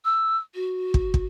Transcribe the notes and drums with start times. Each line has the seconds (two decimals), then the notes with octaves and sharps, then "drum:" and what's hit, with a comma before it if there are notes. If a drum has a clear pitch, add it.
0.05 E6
0.54 F#4
0.94 drum: kick
1.14 drum: kick